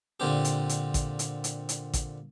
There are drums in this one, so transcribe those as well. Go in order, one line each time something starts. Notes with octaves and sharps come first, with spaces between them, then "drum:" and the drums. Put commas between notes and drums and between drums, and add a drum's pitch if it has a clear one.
A#2 D3 C4 G4
drum: hi-hat
drum: hi-hat
drum: kick A1, hi-hat
drum: hi-hat
drum: hi-hat
drum: hi-hat
drum: kick A1, hi-hat